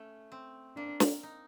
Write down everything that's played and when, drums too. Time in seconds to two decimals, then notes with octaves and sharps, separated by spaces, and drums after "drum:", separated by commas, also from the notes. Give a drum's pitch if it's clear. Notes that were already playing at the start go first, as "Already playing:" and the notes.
Already playing: A3 C#4
0.32 C4
0.77 A#3 D4
1.00 drum: snare
1.23 D#4